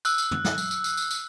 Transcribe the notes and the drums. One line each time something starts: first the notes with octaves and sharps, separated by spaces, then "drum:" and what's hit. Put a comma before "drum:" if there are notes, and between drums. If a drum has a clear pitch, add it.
E6 F#6, drum: tambourine
drum: tambourine
drum: tom
drum: snare
drum: tambourine
drum: tambourine
drum: tambourine
drum: tambourine
drum: tambourine